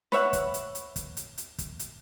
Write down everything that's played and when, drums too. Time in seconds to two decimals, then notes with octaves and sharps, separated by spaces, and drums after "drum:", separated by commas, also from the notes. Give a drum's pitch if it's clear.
0.12 B4 C#5 E5 F#5, drum: snare
0.33 drum: kick, hi-hat
0.54 drum: hi-hat
0.75 drum: hi-hat
0.96 drum: kick, hi-hat
1.17 drum: hi-hat
1.38 drum: hi-hat
1.58 drum: kick, hi-hat
1.79 drum: hi-hat